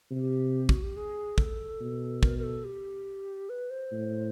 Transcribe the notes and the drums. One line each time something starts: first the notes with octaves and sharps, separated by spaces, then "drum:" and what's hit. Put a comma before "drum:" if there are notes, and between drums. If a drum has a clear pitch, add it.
C3 G4
F#4, drum: kick
G4
G#4
A4, drum: kick
B2
A#4, drum: kick
A#4
A4
G4
B4
C5
A2